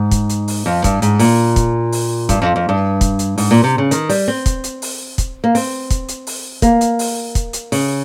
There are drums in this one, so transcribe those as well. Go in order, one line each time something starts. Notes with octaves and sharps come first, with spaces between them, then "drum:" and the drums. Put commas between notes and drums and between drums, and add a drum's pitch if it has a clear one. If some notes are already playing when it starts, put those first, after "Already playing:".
Already playing: G#2
drum: kick, hi-hat
drum: hi-hat
drum: open hi-hat
F2
G2, drum: kick, hi-hat
G#2, drum: hi-hat
A#2, drum: open hi-hat
drum: kick, hi-hat
drum: open hi-hat
G2, drum: kick, hi-hat
F2
F2
G2
drum: kick, hi-hat
drum: hi-hat
G#2, drum: open hi-hat
A#2
C3
C#3
D#3, drum: hi-hat
G3, drum: open hi-hat
C4
drum: kick, hi-hat
drum: hi-hat
drum: open hi-hat
drum: kick, hi-hat
A#3
C4, drum: open hi-hat
drum: kick, hi-hat
drum: hi-hat
drum: open hi-hat
A#3, drum: kick, hi-hat
drum: hi-hat
drum: open hi-hat
drum: kick, hi-hat
drum: hi-hat
C#3, drum: open hi-hat